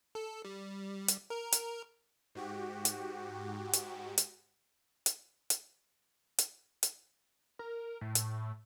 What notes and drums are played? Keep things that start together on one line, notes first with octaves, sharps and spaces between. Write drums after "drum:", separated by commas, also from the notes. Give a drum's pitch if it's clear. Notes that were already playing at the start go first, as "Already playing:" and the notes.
A4
G3
drum: hi-hat
A#4
drum: hi-hat
G#2 F#4 G4
drum: hi-hat
drum: hi-hat
drum: hi-hat
drum: hi-hat
drum: hi-hat
drum: hi-hat
drum: hi-hat
A#4
A2
drum: hi-hat